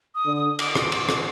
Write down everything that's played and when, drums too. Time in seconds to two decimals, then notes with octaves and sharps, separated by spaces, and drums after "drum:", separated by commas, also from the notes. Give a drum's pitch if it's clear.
0.15 D#6
0.26 D3
0.37 D#6
0.59 D6, drum: cymbal
0.75 drum: rim click
0.92 drum: cymbal
1.09 drum: rim click